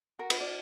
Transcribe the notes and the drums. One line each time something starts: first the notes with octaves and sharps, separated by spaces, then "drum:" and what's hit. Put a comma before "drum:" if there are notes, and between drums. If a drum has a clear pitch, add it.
F#4 A#4
B4, drum: cymbal
D5